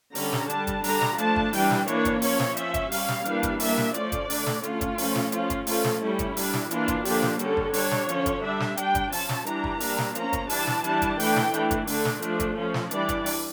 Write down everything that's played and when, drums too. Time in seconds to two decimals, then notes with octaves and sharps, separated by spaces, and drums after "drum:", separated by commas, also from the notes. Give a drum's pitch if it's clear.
0.15 D3 G3 C#4 A#5, drum: open hi-hat
0.33 drum: snare
0.50 G3 D4 A5, drum: hi-hat
0.67 drum: kick, hi-hat
0.84 D3 G3 D4 A#5, drum: open hi-hat
1.02 drum: snare
1.18 F3 A3 D4 A5, drum: hi-hat
1.36 drum: kick
1.53 E3 G3 D4 G5, drum: open hi-hat
1.71 drum: snare
1.88 E3 A#3 D4 C#5, drum: hi-hat
2.05 drum: kick, hi-hat
2.22 F3 C#4 C#5, drum: open hi-hat
2.40 drum: snare
2.57 F3 C#4 E5, drum: hi-hat
2.74 drum: kick, hi-hat
2.92 G3 C#4 F5, drum: open hi-hat
3.09 drum: snare
3.25 E3 G3 A#3 D4, drum: hi-hat
3.43 drum: kick, hi-hat
3.60 G3 A#3 D4 E5, drum: open hi-hat
3.78 drum: snare
3.94 F3 A3 C#4 D5, drum: hi-hat
4.12 drum: kick, hi-hat
4.30 D3 A3 D4, drum: open hi-hat
4.46 drum: snare
4.63 D3 A3 C#4 F4, drum: hi-hat
4.81 drum: kick, hi-hat
4.98 F3 A3 C#4, drum: open hi-hat
5.15 drum: snare
5.32 F3 C#4 F4, drum: hi-hat
5.50 drum: kick, hi-hat
5.67 F3 A3 C#4 F4, drum: open hi-hat
5.84 drum: snare
6.01 G3 C#4 E4
6.19 drum: kick, hi-hat
6.37 G3 D4, drum: open hi-hat
6.53 drum: snare
6.71 E3 A#3 D4 F4, drum: hi-hat
6.88 drum: kick, hi-hat
7.05 D3 F3 A#3 D4 G4, drum: open hi-hat
7.22 drum: snare
7.39 D3 G3 C#4 A4, drum: hi-hat
7.57 drum: kick
7.74 G3 D4 C#5, drum: open hi-hat
7.91 drum: snare
8.09 D3 F3 C#4, drum: hi-hat
8.26 drum: kick, hi-hat
8.43 G3 D4 E5
8.60 drum: snare
8.77 G3 D4 G5, drum: hi-hat
8.95 drum: kick, hi-hat
9.12 F3 C#4 A5, drum: open hi-hat
9.29 drum: snare
9.46 E3 G3 D4 A#5, drum: hi-hat
9.64 drum: kick
9.80 G3 A#3 D4, drum: open hi-hat
9.98 drum: snare
10.15 F3 A#3 C#4 A#5, drum: hi-hat
10.33 drum: kick, hi-hat
10.50 E3 G3 D4 A5, drum: open hi-hat
10.67 drum: snare
10.84 E3 G3 D4 A5, drum: hi-hat
11.02 drum: kick, hi-hat
11.20 E3 A3 D4 G5, drum: open hi-hat
11.36 drum: snare
11.54 E3 A3 D4, drum: hi-hat
11.71 drum: kick, hi-hat
11.87 D3 A3 D4, drum: open hi-hat
12.05 drum: snare
12.22 F3 A3 D4, drum: hi-hat
12.40 drum: kick, hi-hat
12.56 F3 C#4
12.74 drum: snare
12.91 E3 G3 D4 D5, drum: hi-hat
13.09 drum: kick, hi-hat
13.26 drum: open hi-hat